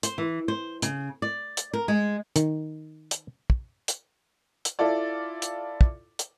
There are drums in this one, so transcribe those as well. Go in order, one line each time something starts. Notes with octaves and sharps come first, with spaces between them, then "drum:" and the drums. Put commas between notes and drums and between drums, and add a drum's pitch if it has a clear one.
C5, drum: hi-hat
E3
C5
C#3, drum: hi-hat
D5
drum: hi-hat
A#4
G#3
D#3, drum: hi-hat
drum: hi-hat
drum: kick
drum: hi-hat
drum: hi-hat
E4 F4 A4 D5
drum: hi-hat
drum: kick
drum: hi-hat